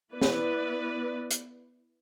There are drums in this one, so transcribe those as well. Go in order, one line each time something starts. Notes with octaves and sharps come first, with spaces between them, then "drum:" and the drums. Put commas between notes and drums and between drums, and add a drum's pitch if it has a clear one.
B3 E4 B4 D5
drum: snare
drum: hi-hat